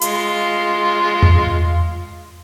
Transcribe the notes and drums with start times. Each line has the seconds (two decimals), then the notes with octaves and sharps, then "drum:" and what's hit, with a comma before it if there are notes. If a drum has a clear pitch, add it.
0.01 G#3 F4 C6, drum: hi-hat
1.23 drum: tom E2